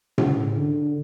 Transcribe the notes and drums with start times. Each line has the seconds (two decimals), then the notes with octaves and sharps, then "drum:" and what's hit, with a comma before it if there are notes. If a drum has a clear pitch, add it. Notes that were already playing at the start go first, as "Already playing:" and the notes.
0.18 C#3, drum: tom A2
0.57 D3